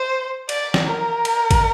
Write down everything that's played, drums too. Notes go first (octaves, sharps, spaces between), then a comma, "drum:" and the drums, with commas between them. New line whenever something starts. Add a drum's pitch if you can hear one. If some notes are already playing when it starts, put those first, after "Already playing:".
Already playing: C5
D5, drum: cymbal
drum: snare
A#4
drum: cymbal
drum: kick, cymbal